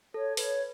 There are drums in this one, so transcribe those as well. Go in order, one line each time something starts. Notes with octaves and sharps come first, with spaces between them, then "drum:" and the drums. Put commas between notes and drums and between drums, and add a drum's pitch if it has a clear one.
A4 C#5
B4 C#5, drum: open hi-hat